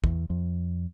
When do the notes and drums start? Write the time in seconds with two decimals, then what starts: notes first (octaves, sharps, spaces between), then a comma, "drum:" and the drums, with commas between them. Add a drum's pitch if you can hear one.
0.04 E2, drum: kick
0.30 F2